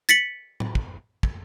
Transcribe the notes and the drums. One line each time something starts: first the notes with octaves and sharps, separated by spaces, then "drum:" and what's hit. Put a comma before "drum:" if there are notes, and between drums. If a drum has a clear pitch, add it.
A6 B6 C#7 F#7
drum: tom A2
drum: kick
drum: kick